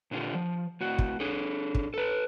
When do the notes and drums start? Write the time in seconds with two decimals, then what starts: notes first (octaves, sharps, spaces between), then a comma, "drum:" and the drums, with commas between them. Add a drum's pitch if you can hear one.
0.11 A#2 D3 E4 F4 G4
0.35 F3
0.81 A2 F#4
0.99 drum: kick
1.20 D4 G#4 A4
1.75 drum: kick
1.94 A4 B4